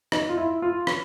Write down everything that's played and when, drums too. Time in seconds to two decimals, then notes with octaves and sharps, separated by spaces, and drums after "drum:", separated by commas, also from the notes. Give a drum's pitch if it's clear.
0.12 D#4, drum: rim click
0.29 F4
0.37 E4
0.62 F4
0.87 drum: rim click